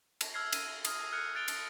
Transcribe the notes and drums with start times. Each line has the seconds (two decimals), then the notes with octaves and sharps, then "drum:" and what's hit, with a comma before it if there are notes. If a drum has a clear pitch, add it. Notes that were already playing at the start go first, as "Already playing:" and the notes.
0.21 drum: cymbal
0.34 E6 F6 G#6 C7
0.52 D#7, drum: cymbal
0.85 D#6 F6, drum: cymbal
1.12 F6 F#6 G#6 C#7
1.35 F#6 A6 D7 F7 G7
1.48 drum: cymbal